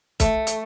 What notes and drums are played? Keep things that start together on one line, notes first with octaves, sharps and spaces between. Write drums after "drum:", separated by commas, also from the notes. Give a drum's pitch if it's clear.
A3, drum: kick, hi-hat
drum: hi-hat